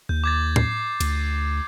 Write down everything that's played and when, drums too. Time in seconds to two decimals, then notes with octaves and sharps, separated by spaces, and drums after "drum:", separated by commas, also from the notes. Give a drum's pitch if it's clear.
0.09 D#2 G6
0.24 D6 G#6 A6
0.56 C7, drum: tom
1.00 D2, drum: cymbal